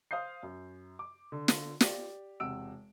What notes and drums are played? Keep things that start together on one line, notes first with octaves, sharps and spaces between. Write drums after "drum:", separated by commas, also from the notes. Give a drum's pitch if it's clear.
C5 F5 D#6 G6 C7
F#2
D6
D3
drum: snare
G4 D5, drum: snare
E1 C3 F#5 E6 D7